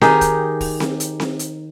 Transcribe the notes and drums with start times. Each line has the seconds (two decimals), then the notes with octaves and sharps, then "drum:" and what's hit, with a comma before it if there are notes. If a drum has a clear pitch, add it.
0.01 D#3 D#4 G4 G#4, drum: snare C4
0.21 drum: kick, hi-hat
0.61 drum: kick, open hi-hat
0.80 drum: snare C4
1.00 drum: hi-hat
1.20 drum: snare C4
1.39 drum: hi-hat